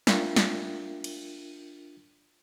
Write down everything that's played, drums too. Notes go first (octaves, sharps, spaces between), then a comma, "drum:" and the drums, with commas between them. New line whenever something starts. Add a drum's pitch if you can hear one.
D4 F4 A#4 E5 G5, drum: snare
drum: snare
drum: cymbal